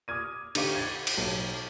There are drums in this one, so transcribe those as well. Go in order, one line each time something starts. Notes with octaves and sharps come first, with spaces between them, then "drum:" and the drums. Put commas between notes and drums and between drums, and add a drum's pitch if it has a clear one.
D6 D#6 F6 G#6 D#7
D3 D#4 G4 C5 F5 D6, drum: cymbal
G#6 A6
drum: cymbal
B1